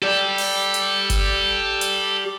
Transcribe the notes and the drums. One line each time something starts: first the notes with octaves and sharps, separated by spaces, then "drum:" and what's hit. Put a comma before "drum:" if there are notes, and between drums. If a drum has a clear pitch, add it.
G4 A4 D5
drum: open hi-hat
drum: hi-hat
drum: kick, hi-hat
drum: hi-hat